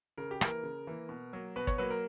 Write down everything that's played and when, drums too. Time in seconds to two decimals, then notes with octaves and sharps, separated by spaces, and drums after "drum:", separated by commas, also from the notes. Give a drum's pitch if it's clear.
0.18 C#3 A#4
0.31 G4
0.41 E3 A#3 A#4, drum: rim click
0.63 C#3
0.87 E3 A#3
1.09 B2
1.33 F#3 A#3
1.56 B2 B4
1.67 C#5, drum: kick
1.78 F#3 A#3 B4
1.90 A#4